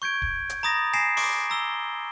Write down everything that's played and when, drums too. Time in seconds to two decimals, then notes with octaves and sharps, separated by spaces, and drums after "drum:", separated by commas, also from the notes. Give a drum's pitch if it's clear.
0.02 C#6 G6 G#6 D7
0.22 drum: kick D1
0.50 drum: hi-hat
0.63 A#5 B5 D#6 A6 A#6
0.93 G#5 A#6 C7 D7 E7
1.17 C6 D6 D7, drum: open hi-hat
1.50 A#5 E6 G7